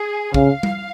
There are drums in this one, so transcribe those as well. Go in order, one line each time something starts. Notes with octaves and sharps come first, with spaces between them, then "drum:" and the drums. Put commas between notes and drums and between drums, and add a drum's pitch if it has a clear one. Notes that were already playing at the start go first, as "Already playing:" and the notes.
Already playing: G#4
C#3 F5, drum: kick
drum: tom G3